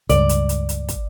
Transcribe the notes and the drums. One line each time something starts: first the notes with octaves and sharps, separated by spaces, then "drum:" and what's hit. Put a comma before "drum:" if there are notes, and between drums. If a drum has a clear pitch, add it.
C#2 G2 D5, drum: hi-hat
drum: hi-hat
drum: hi-hat
drum: hi-hat
drum: kick, hi-hat